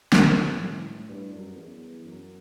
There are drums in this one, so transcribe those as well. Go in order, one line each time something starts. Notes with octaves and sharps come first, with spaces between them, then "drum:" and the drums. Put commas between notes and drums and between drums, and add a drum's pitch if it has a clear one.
G2, drum: snare
A2
A2
G2
F#2
E2
F#2